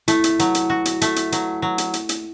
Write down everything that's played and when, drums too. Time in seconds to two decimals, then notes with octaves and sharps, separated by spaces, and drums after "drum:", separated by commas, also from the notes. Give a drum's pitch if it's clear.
0.08 A3 E4, drum: hi-hat
0.24 drum: hi-hat
0.39 F#3, drum: hi-hat
0.55 drum: hi-hat
0.70 F#4
0.85 drum: hi-hat
1.01 A3, drum: hi-hat
1.16 drum: hi-hat
1.32 F#3, drum: hi-hat
1.62 F#3
1.78 drum: hi-hat
1.94 drum: hi-hat
2.09 drum: hi-hat